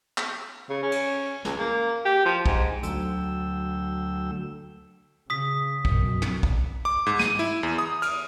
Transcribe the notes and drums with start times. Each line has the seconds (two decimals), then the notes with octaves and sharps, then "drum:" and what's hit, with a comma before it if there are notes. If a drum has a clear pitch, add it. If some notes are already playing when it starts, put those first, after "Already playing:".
0.18 drum: clap
0.69 C#3
0.83 C#4
0.92 drum: cymbal
1.45 C#2, drum: snare
1.59 A#3
2.05 G4
2.25 F3
2.46 G#2, drum: kick B1
2.83 D2 F#3 A3 G5 E6, drum: hi-hat
5.30 C#3 D#6 B6
5.85 F#2 B2, drum: kick B1
6.22 drum: tom
6.43 drum: kick B1
6.85 D6
7.07 G#2
7.19 D#7, drum: snare
7.39 E4
7.63 E2
7.79 D#6
8.02 F6, drum: cymbal